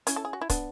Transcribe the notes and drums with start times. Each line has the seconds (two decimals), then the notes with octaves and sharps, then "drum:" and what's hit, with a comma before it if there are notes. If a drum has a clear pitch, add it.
0.07 C#4 E4, drum: hi-hat
0.16 A4
0.25 G#4
0.33 F#4
0.41 E4
0.50 B3 D4, drum: kick, hi-hat